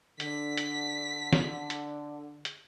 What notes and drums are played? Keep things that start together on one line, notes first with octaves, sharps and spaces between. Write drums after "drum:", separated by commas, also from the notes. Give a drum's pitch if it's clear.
D3 B6, drum: hi-hat
drum: hi-hat
drum: snare
drum: hi-hat
drum: hi-hat